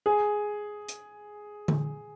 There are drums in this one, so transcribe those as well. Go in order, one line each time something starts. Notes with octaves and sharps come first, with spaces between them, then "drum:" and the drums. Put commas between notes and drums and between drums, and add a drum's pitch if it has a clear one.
G#4
drum: hi-hat
drum: tom D3